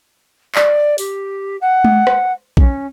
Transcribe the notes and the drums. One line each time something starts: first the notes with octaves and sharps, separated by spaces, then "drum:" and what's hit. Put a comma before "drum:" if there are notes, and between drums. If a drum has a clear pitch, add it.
D5, drum: clap
G4, drum: open hi-hat
F#5
drum: tom G#3
drum: rim click
C#4, drum: kick A#1